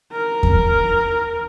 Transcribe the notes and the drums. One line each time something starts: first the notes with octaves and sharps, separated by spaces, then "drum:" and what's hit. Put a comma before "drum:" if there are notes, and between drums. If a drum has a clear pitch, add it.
A#4
drum: kick E2